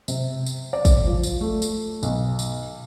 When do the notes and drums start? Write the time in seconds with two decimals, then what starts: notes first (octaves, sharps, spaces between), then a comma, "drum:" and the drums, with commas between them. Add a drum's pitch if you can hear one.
0.08 C3, drum: tambourine
0.46 drum: tambourine
0.73 D5
0.85 drum: kick, tambourine
1.06 F3
1.23 drum: tambourine
1.41 A3
1.62 drum: tambourine
2.03 B1, drum: tambourine
2.39 drum: tambourine